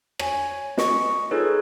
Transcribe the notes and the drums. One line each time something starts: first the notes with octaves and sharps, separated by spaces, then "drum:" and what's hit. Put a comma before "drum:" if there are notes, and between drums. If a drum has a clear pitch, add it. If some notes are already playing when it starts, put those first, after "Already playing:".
C#5 G#5, drum: rim click
D#5 C#6, drum: snare
D#4 F4 G#4 A4 B4 C#5